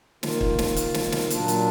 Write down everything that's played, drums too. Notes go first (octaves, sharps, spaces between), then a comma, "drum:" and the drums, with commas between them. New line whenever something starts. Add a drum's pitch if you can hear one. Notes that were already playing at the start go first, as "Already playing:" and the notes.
D#3 A#3 F4, drum: snare
drum: kick
drum: snare
drum: hi-hat
drum: snare
drum: snare
A#2 F#3 D4 F4, drum: hi-hat
drum: hi-hat